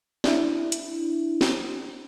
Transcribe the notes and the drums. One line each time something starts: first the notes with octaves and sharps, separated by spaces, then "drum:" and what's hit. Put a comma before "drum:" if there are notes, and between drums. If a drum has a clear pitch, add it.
D4 E4, drum: snare
drum: hi-hat
drum: snare